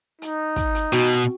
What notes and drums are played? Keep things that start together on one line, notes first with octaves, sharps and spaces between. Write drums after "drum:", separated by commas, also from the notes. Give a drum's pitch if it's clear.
D#4, drum: hi-hat
drum: kick, hi-hat
drum: hi-hat
B2 F#4 G5, drum: hi-hat
drum: hi-hat